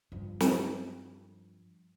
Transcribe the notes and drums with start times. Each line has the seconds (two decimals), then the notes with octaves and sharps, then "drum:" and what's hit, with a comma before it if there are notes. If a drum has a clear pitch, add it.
0.12 G2 F3
0.40 drum: snare